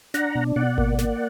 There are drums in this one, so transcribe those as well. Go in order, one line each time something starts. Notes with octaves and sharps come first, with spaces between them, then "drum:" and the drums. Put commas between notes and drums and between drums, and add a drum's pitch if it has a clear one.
D4 F#5 A#5, drum: snare
B2
B2 D5 F#5
A#3, drum: kick G#1
A#3, drum: snare